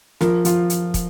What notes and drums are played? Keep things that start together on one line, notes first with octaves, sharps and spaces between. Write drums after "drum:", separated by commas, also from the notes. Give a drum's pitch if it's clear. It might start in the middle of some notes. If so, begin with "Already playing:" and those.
F3 A#4, drum: snare
F3 F4, drum: hi-hat
drum: hi-hat
drum: kick, hi-hat